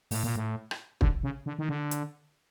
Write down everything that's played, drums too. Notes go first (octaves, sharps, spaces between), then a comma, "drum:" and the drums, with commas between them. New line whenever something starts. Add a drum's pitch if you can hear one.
A2, drum: open hi-hat
A#2
A2
drum: rim click
D3, drum: kick
C#3
D3
D#3
D3
drum: hi-hat